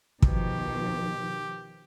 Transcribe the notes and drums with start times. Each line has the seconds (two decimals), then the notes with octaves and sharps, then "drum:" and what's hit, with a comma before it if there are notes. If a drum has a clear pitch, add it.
0.22 B2 D#3 F3 G4, drum: kick